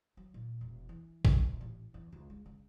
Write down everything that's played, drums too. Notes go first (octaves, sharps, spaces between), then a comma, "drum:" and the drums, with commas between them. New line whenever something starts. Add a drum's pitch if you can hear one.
F#3
A#2
E1
E3
G2, drum: kick
D#1
A1
E2
C#2
G#3
C#3